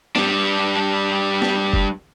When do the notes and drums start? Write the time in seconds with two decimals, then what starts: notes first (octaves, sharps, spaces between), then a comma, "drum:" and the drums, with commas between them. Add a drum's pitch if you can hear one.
0.16 G3 D4, drum: snare
1.42 drum: snare
1.73 drum: kick F#1